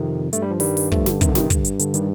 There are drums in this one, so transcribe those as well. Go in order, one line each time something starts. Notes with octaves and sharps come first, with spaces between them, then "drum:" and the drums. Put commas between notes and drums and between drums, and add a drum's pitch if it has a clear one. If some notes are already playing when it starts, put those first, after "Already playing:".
Already playing: F2 C3 D#3
G2 A3, drum: hi-hat
G3
F3
D#3 G3, drum: open hi-hat
drum: open hi-hat
F3 A3, drum: kick
D3, drum: snare
C3 D#3, drum: kick, hi-hat
D3
C3 D#3, drum: snare
G2 D3, drum: kick, hi-hat
drum: hi-hat
D3, drum: hi-hat
D#3 G3, drum: hi-hat